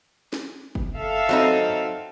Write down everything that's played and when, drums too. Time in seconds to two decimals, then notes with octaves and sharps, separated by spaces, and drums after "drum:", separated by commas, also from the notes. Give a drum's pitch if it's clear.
0.33 drum: snare
0.75 drum: kick
0.97 A4 E5 F5
1.29 F#3 C4 D#4